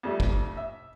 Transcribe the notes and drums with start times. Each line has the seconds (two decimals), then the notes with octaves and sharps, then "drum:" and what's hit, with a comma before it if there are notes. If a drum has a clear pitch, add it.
0.03 F2 G3 A3
0.20 drum: kick
0.57 E5